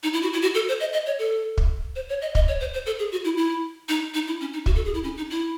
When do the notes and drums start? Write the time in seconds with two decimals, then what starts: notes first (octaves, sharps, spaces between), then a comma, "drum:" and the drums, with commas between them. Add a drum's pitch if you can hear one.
0.03 D#4
0.13 E4
0.23 F#4
0.33 E4
0.42 F#4
0.55 A4
0.68 C5
0.80 D#5
0.93 D#5
1.06 C#5
1.19 A4
1.58 drum: kick
1.96 C5
2.09 C#5
2.22 D#5
2.35 D#5, drum: kick
2.48 C#5
2.60 C5
2.74 C5
2.86 A4
2.99 G#4
3.12 F#4
3.25 E4
3.37 E4
3.89 D#4
4.14 D#4
4.27 E4
4.40 C#4
4.53 D#4
4.66 F#4, drum: kick
4.76 A4
4.85 G#4
4.94 E4
5.04 C#4
5.17 D#4
5.30 E4